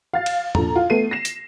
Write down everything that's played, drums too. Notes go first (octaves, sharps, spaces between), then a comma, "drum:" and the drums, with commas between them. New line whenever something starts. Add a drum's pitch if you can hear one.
F5 A6
drum: cymbal
A#1 A4 A#5, drum: tom E2
F4
A3 B3 C7 D#7
A#6 C7 E7
drum: hi-hat